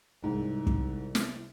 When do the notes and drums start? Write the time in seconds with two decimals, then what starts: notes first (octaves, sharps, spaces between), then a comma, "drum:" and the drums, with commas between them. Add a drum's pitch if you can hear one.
0.24 C2 G#2
0.67 drum: kick
1.15 drum: snare